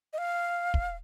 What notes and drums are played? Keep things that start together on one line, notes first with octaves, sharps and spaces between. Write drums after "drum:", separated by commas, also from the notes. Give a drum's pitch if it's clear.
D#5
F5
drum: kick